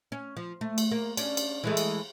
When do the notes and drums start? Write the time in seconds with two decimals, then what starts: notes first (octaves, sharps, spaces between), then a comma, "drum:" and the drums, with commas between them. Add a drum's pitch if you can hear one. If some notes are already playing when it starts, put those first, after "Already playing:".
0.12 C#4
0.37 F3
0.61 A3
0.78 drum: cymbal
0.91 A#3
1.17 C#4 D4, drum: cymbal
1.37 drum: cymbal
1.64 E3 G#3 A3
1.77 drum: cymbal